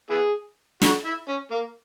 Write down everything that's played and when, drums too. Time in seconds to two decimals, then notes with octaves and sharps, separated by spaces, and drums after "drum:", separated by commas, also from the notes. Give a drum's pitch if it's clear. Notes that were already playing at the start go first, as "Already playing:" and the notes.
0.10 B3 E4 G#4
0.82 F#4, drum: snare
1.05 E4
1.28 C#4
1.51 A#3